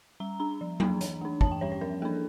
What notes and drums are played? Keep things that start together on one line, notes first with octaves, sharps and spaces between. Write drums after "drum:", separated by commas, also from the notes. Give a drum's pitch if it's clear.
G3 A#5
D4 A#5
F3
A#3 D4, drum: tom F#3
E3, drum: hi-hat
A3 D4
E3 A5, drum: kick
G5
G3 C#4 C#5
C#5
F3 A#4
A#3 D4 A4